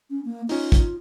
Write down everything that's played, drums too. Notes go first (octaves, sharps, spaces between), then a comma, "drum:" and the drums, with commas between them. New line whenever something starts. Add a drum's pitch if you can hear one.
C#4
A#3
C#4 D#4 F4, drum: open hi-hat
drum: kick, hi-hat